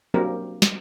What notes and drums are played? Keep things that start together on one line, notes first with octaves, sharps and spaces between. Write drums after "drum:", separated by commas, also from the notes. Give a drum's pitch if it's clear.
F#3 A#3 C4 D4 G4 A#4
drum: snare